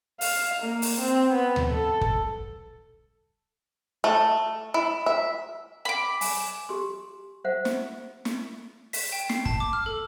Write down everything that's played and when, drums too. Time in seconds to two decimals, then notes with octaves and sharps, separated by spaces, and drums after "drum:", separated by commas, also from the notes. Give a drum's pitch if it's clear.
0.21 F5, drum: open hi-hat
0.63 A#3
0.82 drum: open hi-hat
0.99 C4
1.33 B3
1.56 drum: tom D2
1.71 A4
2.01 drum: kick
4.04 A3
4.74 E4
5.06 E5
5.85 B5 D6
6.21 G#5, drum: open hi-hat
6.69 G4 C6
7.45 C5 E5 F#5
7.65 drum: snare
8.25 drum: snare
8.93 B6, drum: open hi-hat
9.12 G5
9.29 C7, drum: snare
9.46 A5, drum: kick
9.60 D6
9.73 F6
9.86 A4